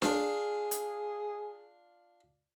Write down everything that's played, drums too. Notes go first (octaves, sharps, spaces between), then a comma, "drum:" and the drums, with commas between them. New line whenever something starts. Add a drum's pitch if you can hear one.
D4 F4 G#4, drum: snare D4
drum: hi-hat